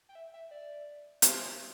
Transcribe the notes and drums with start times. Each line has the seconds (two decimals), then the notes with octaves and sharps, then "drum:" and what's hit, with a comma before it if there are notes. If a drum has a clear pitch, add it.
0.09 G5
0.15 E5
0.34 E5
0.51 D5
1.22 C5, drum: hi-hat